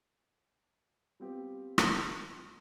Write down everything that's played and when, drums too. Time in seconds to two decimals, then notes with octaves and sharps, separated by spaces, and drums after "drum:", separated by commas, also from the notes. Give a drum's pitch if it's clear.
1.20 G3 B3 C4 F4 G4
1.78 drum: rim click